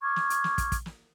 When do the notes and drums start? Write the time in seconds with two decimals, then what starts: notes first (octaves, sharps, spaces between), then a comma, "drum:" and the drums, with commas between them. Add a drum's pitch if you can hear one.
0.02 C#6 D6 F6 G#6
0.16 drum: snare
0.30 drum: hi-hat
0.44 drum: snare
0.58 drum: kick, hi-hat
0.72 drum: kick, hi-hat
0.86 drum: snare